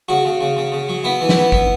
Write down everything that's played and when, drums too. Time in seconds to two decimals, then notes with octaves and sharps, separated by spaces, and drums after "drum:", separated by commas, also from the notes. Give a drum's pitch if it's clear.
0.08 C#3 F#4
0.25 C#3
0.41 C#3
0.57 C#3
0.72 C#3
0.88 F#3
1.04 B3 E4
1.21 E3
1.29 E4, drum: snare
1.37 B3
1.52 B3, drum: kick